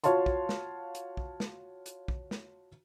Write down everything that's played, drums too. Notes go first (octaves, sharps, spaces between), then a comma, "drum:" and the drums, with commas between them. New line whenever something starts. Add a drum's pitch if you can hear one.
F4 F#4 C#5 F5 A5 C6, drum: hi-hat
drum: kick
drum: snare
drum: hi-hat
drum: kick
drum: snare
drum: hi-hat
drum: kick
drum: snare